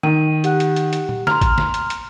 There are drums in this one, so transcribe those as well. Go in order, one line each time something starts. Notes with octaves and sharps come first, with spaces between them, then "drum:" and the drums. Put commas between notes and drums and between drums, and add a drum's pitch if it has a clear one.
D#3 D#7
G4 F#5 F#6, drum: hi-hat
drum: hi-hat
drum: hi-hat
drum: hi-hat
drum: tom
A#5 C6 F6, drum: snare
drum: kick A1, hi-hat
drum: snare
drum: hi-hat
drum: hi-hat